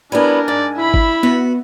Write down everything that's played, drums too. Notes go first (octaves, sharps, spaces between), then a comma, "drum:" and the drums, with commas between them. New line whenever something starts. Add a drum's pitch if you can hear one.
G3 B3 D4 E4 A#4 G#5
G#2 D5
E4 E5 B5
drum: kick G#1
B3 F#4